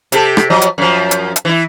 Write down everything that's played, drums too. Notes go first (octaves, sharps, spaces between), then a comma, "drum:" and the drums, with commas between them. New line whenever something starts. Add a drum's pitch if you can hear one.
C3 G4 A4, drum: hi-hat
drum: rim click
F3 F#3 D#5
drum: hi-hat
F#2 F3
drum: hi-hat
drum: hi-hat
E3 E4